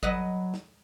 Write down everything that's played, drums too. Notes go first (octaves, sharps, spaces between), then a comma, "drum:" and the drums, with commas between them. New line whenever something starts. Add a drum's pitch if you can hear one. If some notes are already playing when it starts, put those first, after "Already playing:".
F#3 B4 D#5, drum: kick G1
drum: snare